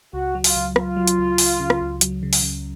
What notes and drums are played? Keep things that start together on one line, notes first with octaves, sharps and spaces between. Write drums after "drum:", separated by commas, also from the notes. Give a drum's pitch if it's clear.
C#2 F#4
F#3
F4, drum: open hi-hat
C#2
C#2 F4, drum: rim click
F#3
drum: hi-hat
C#2
C#2, drum: open hi-hat
C#3
drum: rim click
C#2
F#3, drum: hi-hat
C#3
drum: open hi-hat
C#3